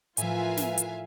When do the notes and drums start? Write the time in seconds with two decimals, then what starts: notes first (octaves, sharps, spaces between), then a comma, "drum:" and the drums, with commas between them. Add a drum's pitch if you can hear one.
0.17 A2 F3 F4 A#4 B4 E5 F5 G#5, drum: hi-hat
0.57 drum: snare
0.78 drum: hi-hat